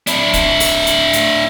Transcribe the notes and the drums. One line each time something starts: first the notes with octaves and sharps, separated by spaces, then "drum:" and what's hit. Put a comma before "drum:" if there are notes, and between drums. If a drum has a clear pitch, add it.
D4 E4, drum: hi-hat
drum: kick, hi-hat
drum: open hi-hat
drum: hi-hat
drum: hi-hat